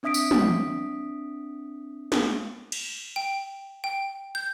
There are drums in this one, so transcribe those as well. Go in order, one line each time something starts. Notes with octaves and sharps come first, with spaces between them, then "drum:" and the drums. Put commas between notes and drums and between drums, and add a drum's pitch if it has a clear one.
C4 D4 E5 D#6 B6 D7
drum: tambourine
drum: tom
drum: snare
drum: cymbal
G5
G5
G6